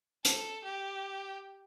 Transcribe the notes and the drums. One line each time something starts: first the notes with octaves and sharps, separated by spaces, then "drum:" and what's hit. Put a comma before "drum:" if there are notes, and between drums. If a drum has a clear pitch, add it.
A4, drum: hi-hat
G4